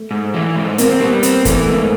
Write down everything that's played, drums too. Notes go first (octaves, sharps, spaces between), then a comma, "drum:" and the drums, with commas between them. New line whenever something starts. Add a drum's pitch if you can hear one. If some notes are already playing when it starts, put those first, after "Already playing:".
Already playing: A3
G#2
E3
G#2
A#3 C4, drum: hi-hat
G3 B3
C4, drum: hi-hat
E3 A3, drum: kick G1, hi-hat
G#2 A#3